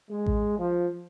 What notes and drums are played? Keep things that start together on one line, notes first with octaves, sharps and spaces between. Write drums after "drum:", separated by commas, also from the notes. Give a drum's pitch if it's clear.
G#3
drum: kick A1
F3